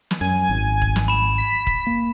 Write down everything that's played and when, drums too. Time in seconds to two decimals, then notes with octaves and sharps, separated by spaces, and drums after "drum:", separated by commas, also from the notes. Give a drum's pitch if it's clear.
0.11 drum: snare
0.21 F#2 G#5
0.49 G#1
0.82 drum: kick
0.96 drum: snare
1.08 B5 E7
1.38 B6
1.67 drum: kick
1.87 A#3